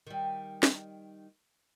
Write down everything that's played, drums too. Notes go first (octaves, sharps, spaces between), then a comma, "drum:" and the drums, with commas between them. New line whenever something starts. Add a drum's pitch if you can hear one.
D#3 G3
drum: snare